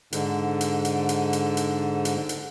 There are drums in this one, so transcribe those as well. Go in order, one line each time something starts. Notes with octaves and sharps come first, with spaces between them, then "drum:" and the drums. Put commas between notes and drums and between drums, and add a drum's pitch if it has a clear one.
G#2 D3, drum: hi-hat
drum: hi-hat
drum: hi-hat
drum: hi-hat
drum: hi-hat
drum: hi-hat
drum: hi-hat
drum: hi-hat